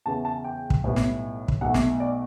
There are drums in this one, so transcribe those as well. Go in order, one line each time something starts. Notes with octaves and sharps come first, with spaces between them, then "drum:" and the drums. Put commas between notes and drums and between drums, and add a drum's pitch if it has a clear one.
E2 C#3 E3 A5
A5
G5
drum: kick
B1 A2 G3 B3
drum: snare
drum: kick
B1 B2 A3 F#5
drum: snare
D5